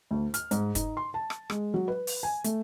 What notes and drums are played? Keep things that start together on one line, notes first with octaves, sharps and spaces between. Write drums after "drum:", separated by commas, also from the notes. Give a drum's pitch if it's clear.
D2
F6, drum: hi-hat
G#2, drum: hi-hat
D#4, drum: kick, hi-hat
C6
A5
drum: rim click
G#3, drum: rim click
F#3
B4
drum: open hi-hat
G#5
A3, drum: hi-hat